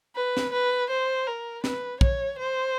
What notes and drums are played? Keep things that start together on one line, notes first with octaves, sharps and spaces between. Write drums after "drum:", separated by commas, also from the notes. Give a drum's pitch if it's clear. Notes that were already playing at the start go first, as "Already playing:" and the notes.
B4
drum: snare
B4
C5
A#4
B4, drum: snare
C#5, drum: kick
C5